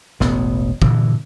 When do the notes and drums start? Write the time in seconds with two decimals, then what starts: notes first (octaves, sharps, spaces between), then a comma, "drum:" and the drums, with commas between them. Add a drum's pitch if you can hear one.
0.20 E1 A1 B3, drum: snare
0.82 G2 A#2 D3 E3, drum: kick